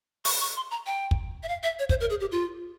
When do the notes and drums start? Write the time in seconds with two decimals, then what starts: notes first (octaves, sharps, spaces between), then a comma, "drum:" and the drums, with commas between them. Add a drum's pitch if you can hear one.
0.25 C#6, drum: open hi-hat
0.41 C#6
0.56 C6
0.71 A#5
0.86 G5
1.11 drum: kick
1.43 E5
1.48 F5
1.63 E5
1.79 C#5
1.89 C5, drum: kick
2.01 A#4
2.10 G#4
2.20 G4
2.32 F4